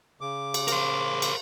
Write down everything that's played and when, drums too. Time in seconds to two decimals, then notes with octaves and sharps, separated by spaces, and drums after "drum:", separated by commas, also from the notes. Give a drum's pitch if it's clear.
0.21 C#3 D6
0.54 drum: cymbal
0.68 A#4 C5, drum: cymbal
1.22 drum: cymbal